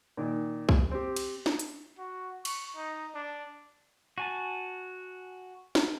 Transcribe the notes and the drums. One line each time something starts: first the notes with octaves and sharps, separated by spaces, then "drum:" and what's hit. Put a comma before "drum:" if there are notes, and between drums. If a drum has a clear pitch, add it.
A#2 D#3
drum: kick C2
C4 G4
drum: cymbal
drum: snare
drum: hi-hat
F#4
C#6, drum: cymbal
D#4
D4
F#4 G#5 A5
drum: snare